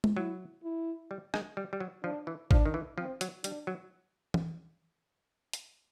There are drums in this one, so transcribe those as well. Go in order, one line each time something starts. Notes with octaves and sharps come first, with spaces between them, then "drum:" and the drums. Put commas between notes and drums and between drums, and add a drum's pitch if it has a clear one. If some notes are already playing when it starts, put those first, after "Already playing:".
drum: tom G#3
F#3 E4
E4
G3
G#3, drum: rim click
G3
G3
F#3
F3 D4
E3
F3 D4, drum: kick
D#3
E3
F3 C4
F#3, drum: hi-hat
G3 D4, drum: hi-hat
F#3
drum: tom E3
drum: hi-hat